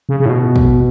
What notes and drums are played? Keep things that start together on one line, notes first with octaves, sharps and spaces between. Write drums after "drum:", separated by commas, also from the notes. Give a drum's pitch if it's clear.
C#3
C#3
A2
B2
drum: kick